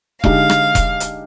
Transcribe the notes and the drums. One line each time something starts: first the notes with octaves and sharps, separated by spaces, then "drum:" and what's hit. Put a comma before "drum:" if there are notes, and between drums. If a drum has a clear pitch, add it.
D3 G#3 D#4 G4 F5, drum: kick E1
drum: rim click
drum: kick E1, hi-hat
drum: hi-hat